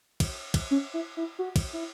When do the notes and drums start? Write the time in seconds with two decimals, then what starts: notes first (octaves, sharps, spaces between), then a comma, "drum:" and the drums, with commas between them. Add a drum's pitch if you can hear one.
0.20 drum: kick, cymbal
0.54 drum: kick, cymbal
0.71 C#4
0.94 E4
1.17 E4
1.39 F#4
1.56 drum: kick, cymbal
1.73 E4